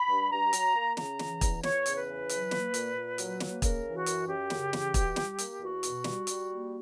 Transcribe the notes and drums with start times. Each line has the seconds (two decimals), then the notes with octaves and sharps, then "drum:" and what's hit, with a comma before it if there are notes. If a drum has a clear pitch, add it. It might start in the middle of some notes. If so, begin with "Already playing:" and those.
Already playing: B5
0.08 G2
0.31 G2 A#5
0.53 F#3, drum: hi-hat
0.75 A#3
0.97 C#3 A#5, drum: snare
1.19 E3, drum: snare
1.41 E2, drum: kick, hi-hat
1.63 E2 C#5, drum: snare
1.86 C#3, drum: hi-hat
1.96 B4
2.08 E3
2.29 F#3, drum: hi-hat
2.51 A#3, drum: snare
2.74 A#2, drum: hi-hat
2.96 A#2
3.18 F#3, drum: hi-hat
3.40 A#3, drum: snare
3.62 C#3 A#4, drum: kick, hi-hat
3.85 E3
3.95 F#4
4.06 F#2, drum: hi-hat
4.28 F#2 G4
4.50 C#3, drum: snare
4.73 E3, drum: snare
4.94 B2, drum: kick, hi-hat
5.16 G3, drum: snare
5.38 A#3, drum: hi-hat
5.60 E2 F#4
5.83 B2, drum: hi-hat
6.04 G3, drum: snare
6.27 G3, drum: hi-hat
6.49 A#3